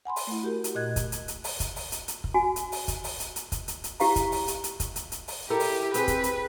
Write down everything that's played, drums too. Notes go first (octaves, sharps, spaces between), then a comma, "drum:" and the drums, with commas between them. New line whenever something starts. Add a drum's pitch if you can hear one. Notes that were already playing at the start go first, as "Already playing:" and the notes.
F#5 G#5 B5 C6
drum: open hi-hat
A3 E4
F#4 G4 A#4
drum: hi-hat
A#2 D#5 F#6 G#6
drum: kick, hi-hat
drum: hi-hat
drum: hi-hat
drum: open hi-hat
drum: kick, hi-hat
drum: open hi-hat
drum: hi-hat
drum: hi-hat
drum: kick
F#4 G#5
drum: hi-hat
drum: open hi-hat
drum: kick, hi-hat
drum: open hi-hat
drum: hi-hat
drum: hi-hat
drum: kick, hi-hat
drum: hi-hat
drum: hi-hat
E4 G4 F5 A#5, drum: open hi-hat
drum: kick, hi-hat
drum: open hi-hat
drum: hi-hat
drum: hi-hat
drum: kick, hi-hat
drum: hi-hat
drum: hi-hat
drum: open hi-hat
E4 G4 A4 A#4
drum: open hi-hat
C4 G4 G#4 B4, drum: hi-hat
drum: kick, hi-hat
drum: hi-hat